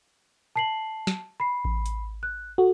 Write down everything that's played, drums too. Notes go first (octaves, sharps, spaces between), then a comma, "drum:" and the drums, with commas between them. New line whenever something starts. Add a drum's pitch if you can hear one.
A5 C7 F#7
drum: snare
B5 C7
drum: kick A1
drum: hi-hat
F#6
F#4 A4